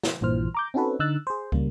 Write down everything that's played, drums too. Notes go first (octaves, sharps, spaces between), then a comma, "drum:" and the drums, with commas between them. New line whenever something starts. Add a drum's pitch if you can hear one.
drum: snare
A#1 G2 A#2 E3 C5 F6
A#5 D6 G6
C4 C#4 D#4 F#4 A4 B4
D3 D#4 E6 F#6 A6
G#4 C5
C#3 G3 A#3, drum: kick